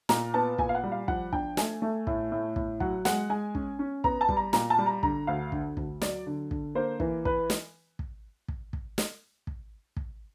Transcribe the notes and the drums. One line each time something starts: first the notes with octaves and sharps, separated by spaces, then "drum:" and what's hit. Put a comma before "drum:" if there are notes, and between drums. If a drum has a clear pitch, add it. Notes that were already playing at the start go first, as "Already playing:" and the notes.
A#2 A#5, drum: snare
B3 A5
A#2 G#5, drum: kick
F5
F#5
G3
F5
F3 F#5, drum: kick
D4 G5, drum: kick
A3 G#5, drum: snare
A3
A2, drum: kick
A2
A2, drum: kick
F#3 F#5, drum: kick
G#3 F#5, drum: snare
G#3 G#5
C#4, drum: kick
C#4
B3 A#5, drum: kick
A5
G3, drum: kick
A#5
A#2 A#5, drum: snare
A5
G3
A#5
D3 A#5, drum: kick
D2 F5
D3, drum: kick
D2, drum: kick
F#3 D5, drum: snare
D3
D3, drum: kick
A#3 C5
E3, drum: kick
B4, drum: kick
drum: snare
drum: kick
drum: kick
drum: kick
drum: snare
drum: kick
drum: kick